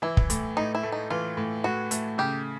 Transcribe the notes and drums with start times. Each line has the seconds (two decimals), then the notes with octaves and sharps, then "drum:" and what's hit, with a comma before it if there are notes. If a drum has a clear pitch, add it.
0.02 E3 E4
0.17 drum: kick
0.30 A2, drum: hi-hat
0.57 A2 D#4
0.75 E4
0.83 A3
0.92 D#4
1.10 E3 F4
1.37 A2
1.64 A2 F#4
1.91 A3, drum: hi-hat
2.18 C#3 G4